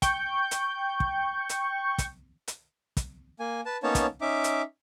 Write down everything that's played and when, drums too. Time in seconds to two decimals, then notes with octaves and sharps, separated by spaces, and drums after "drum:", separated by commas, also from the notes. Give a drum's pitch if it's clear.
0.02 G5 C#6 G6, drum: kick, hi-hat
0.51 drum: hi-hat
1.00 drum: kick
1.49 drum: hi-hat
1.98 drum: kick, hi-hat
2.48 drum: hi-hat
2.97 drum: kick, hi-hat
3.40 A#3 G#5
3.66 B4 A5
3.83 A#3 B3 C#4 D#4 C#5 A5
3.95 drum: kick, hi-hat
4.21 C#4 D#4 E5 D6
4.44 drum: hi-hat